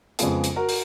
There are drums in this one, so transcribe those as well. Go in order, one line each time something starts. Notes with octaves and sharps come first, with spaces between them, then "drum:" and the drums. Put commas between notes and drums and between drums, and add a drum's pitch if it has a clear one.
F2 C#3 G#3 B3 F4 G#4, drum: hi-hat
drum: hi-hat
F#4 A#4
drum: open hi-hat